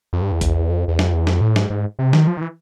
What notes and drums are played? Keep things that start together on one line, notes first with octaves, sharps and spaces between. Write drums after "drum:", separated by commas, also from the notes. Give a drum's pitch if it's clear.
F2
G2
E2
drum: kick A#1, hi-hat
F2
E2
F2, drum: snare
E2
F2, drum: snare
A2
G#2, drum: snare
G#2
C3
D#3, drum: snare
F3
D#3
E3